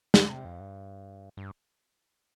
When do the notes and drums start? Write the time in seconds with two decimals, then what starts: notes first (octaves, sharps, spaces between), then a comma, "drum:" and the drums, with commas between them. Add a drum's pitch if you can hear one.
0.14 D3, drum: snare
0.29 C3
0.45 F2
0.60 G2
1.37 G2